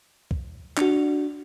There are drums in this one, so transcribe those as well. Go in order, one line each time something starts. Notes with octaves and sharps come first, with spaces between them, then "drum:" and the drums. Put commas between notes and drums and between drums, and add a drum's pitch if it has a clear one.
drum: kick
D4 F#4, drum: clap